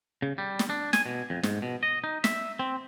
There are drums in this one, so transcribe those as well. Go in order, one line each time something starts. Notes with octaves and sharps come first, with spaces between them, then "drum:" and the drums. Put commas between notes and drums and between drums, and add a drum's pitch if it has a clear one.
C#3
G3
drum: snare
D4
G#5, drum: snare
B2
F2
G#2, drum: snare
B2
D#5
D#4
E5, drum: snare
C4